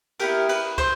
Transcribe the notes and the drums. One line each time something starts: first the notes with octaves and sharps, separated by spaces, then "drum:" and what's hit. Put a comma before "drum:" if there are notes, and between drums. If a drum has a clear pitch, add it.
B3 E4 G4 A#4, drum: cymbal
B4, drum: cymbal
C5, drum: kick, cymbal